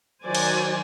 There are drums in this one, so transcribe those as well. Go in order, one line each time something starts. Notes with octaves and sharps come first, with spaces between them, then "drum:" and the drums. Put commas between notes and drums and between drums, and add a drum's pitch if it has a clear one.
D#3 F#3 C5 D5 G#5
drum: cymbal